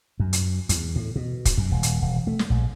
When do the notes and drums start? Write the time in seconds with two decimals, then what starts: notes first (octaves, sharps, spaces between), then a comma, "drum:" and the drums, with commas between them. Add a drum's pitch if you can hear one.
0.20 F#2
0.33 drum: hi-hat
0.69 E2, drum: hi-hat
0.96 A2
1.16 B2
1.45 drum: kick, hi-hat
1.58 F#2
1.72 D#1
1.83 drum: hi-hat
2.02 E1
2.27 A3
2.39 drum: snare
2.50 A#1